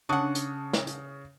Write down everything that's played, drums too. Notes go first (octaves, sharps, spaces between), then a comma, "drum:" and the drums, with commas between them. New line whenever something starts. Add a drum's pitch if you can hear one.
C#3 D4 F#5 C#6 D#6
drum: hi-hat
drum: snare
drum: hi-hat